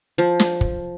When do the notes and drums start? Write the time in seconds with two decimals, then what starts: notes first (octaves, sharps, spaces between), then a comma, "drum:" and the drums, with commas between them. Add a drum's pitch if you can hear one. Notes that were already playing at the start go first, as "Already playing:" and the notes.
0.18 F3
0.40 drum: snare
0.61 drum: kick